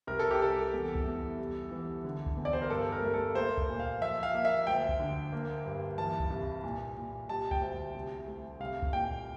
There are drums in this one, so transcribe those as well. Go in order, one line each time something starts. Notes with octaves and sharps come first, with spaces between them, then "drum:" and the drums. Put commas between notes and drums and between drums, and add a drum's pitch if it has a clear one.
C2 A#4
A4
G4
C2 A4
E2
drum: kick C#2
E2
G3
E3
D3
drum: kick C#2
E2
D5
C5
A#4
G2 A4
A#4
A3
A4
A#3 C5
drum: kick C#2
A#2
F5
F3 E5
F5
A#3
E5
D2 G5
drum: kick C#2
D3
A#3
G2
E3 A5
drum: kick C#2
C2
A#2
A#2
G3 A5
G5, drum: kick C#2
D2
C2
A3
C2 F5
drum: kick C#2
A#2 G5